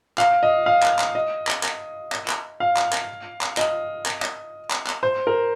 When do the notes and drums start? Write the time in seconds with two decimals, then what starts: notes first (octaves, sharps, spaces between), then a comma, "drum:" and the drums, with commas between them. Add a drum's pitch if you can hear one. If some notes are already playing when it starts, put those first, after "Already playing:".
0.18 F5, drum: clap
0.43 D#5
0.66 F5
0.83 drum: clap
0.99 drum: clap
1.15 D#5
1.47 drum: clap
1.63 drum: clap
2.12 drum: clap
2.28 drum: clap
2.60 F5
2.77 drum: clap
2.93 drum: clap
3.41 drum: clap
3.57 D#5, drum: clap
4.06 drum: clap
4.22 drum: clap
4.71 drum: clap
4.87 drum: clap
5.03 C5
5.27 A#4